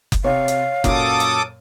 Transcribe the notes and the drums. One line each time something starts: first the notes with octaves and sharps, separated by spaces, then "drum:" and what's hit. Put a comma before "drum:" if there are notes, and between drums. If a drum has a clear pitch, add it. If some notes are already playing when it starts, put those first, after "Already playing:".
drum: kick F#1, hi-hat
C3 C#5 F5
drum: hi-hat
F#2 A#2 F#3 A4 D6 D#6, drum: kick F#1, hi-hat
drum: hi-hat